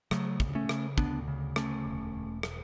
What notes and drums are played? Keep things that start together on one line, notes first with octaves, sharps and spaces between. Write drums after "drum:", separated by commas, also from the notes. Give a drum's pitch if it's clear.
C#3 F#3 A3, drum: rim click
D2, drum: kick
A3 C#4
C#3, drum: rim click
D2 B3 D4, drum: kick
C#3
D2 A3 C#4, drum: rim click
E1
E1
drum: rim click